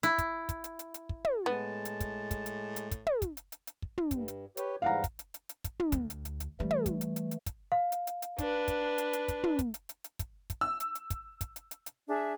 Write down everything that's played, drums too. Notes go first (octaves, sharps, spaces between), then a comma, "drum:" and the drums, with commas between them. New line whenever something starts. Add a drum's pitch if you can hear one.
E4, drum: hi-hat
drum: kick, hi-hat
drum: kick, hi-hat
drum: hi-hat
drum: hi-hat
drum: hi-hat
drum: kick
drum: tom
A2 G#3 B3 A5
drum: hi-hat
drum: kick, hi-hat
drum: kick, hi-hat
drum: hi-hat
drum: hi-hat
drum: kick, hi-hat
drum: tom
drum: kick, hi-hat
drum: hi-hat
drum: hi-hat
drum: hi-hat
drum: kick
drum: tom
G2, drum: kick, hi-hat
drum: hi-hat
G4 B4 C#5, drum: hi-hat
G#2 E3 G3 F5 F#5 A#5
drum: kick, hi-hat
drum: hi-hat
drum: hi-hat
drum: hi-hat
drum: kick, hi-hat
drum: tom
D2, drum: kick, hi-hat
drum: hi-hat
drum: hi-hat
drum: hi-hat
E3 G3 A3
drum: tom
drum: kick, hi-hat
drum: hi-hat
drum: hi-hat
drum: hi-hat
drum: kick, hi-hat
F5
drum: hi-hat
drum: hi-hat
drum: hi-hat
D4 B4, drum: kick, hi-hat
drum: kick, hi-hat
drum: hi-hat
drum: hi-hat
drum: kick, hi-hat
drum: tom
drum: kick, hi-hat
drum: hi-hat
drum: hi-hat
drum: hi-hat
drum: kick, hi-hat
drum: kick, hi-hat
E6
drum: hi-hat
drum: hi-hat
drum: kick, hi-hat
drum: kick, hi-hat
drum: hi-hat
drum: hi-hat
drum: hi-hat
D4 G#4 E5